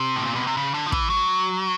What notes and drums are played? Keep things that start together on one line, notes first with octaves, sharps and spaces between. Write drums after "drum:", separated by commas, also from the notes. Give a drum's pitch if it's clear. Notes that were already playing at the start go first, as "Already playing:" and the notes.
Already playing: C3
A2
A#2
B2
C3
C#3
D3
F3
E3, drum: kick
F#3